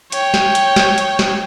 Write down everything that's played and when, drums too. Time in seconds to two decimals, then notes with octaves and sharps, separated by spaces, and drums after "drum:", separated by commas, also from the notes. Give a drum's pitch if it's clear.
0.12 C#5 G5, drum: hi-hat
0.34 drum: snare
0.55 drum: hi-hat
0.76 drum: snare
0.98 drum: hi-hat
1.19 drum: snare